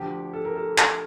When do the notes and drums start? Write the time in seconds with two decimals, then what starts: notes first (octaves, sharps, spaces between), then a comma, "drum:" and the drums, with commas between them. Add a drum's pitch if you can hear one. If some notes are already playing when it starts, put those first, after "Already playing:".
Already playing: D2 D3 F3 G4
0.33 A4
0.45 A#4
0.55 A4
0.78 drum: clap